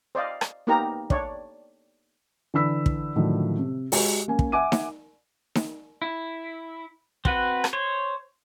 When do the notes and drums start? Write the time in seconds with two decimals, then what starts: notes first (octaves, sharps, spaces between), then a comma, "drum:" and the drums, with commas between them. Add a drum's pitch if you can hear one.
0.15 C5 D5 D#5 F5
0.41 drum: rim click
0.67 A#3 B3 D#4 G4 A#4 A#5
1.10 D4 C#5 D5, drum: kick
2.54 D3 E3 B5 E6 B6
2.86 drum: kick
3.16 A2 D3 D#3 F3 F#3
3.59 C3
3.92 G#3 F#4 G4, drum: open hi-hat
4.28 A#3 C#4 G#5
4.39 drum: kick
4.52 E5 F#5 G#5 D6 D#7
4.72 drum: snare D#4
5.55 drum: snare D#4
6.02 E4
7.25 C4 F#4 B4, drum: kick
7.64 drum: rim click
7.73 C5 C#5